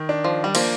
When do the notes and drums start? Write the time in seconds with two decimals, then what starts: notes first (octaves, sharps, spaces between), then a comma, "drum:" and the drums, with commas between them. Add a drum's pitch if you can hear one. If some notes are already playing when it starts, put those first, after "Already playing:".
Already playing: D#3
0.09 D4
0.25 F3
0.44 G3
0.55 F3 A#3, drum: cymbal